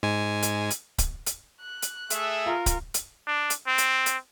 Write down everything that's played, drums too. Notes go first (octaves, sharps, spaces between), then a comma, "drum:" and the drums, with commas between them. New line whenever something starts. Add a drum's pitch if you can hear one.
G#2 G#3 G#5
drum: hi-hat
drum: hi-hat
drum: kick C#1, hi-hat
drum: hi-hat
F#6
drum: hi-hat
A3 G#4 E5, drum: hi-hat
F4 A#4
drum: kick C#1, hi-hat
drum: hi-hat
D4
drum: hi-hat
C4
drum: hi-hat
drum: hi-hat